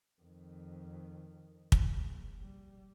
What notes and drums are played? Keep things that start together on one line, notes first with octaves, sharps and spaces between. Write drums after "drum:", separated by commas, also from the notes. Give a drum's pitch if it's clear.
F2 D#3
A#1, drum: kick
G3